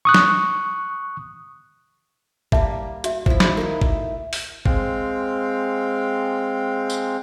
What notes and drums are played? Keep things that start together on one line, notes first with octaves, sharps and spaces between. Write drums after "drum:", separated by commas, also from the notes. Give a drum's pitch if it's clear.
C#6 D#6 F#6
drum: snare
G3 A#3 E4 E5 A5, drum: kick G#1
F#4 E5, drum: hi-hat
F3 E4, drum: kick G#1
D#3 F#4 B5, drum: snare
A#3 D#4 E4 A#4
A3, drum: kick G#1
drum: open hi-hat
G#3 C4 F5 G5, drum: kick G#1
drum: tambourine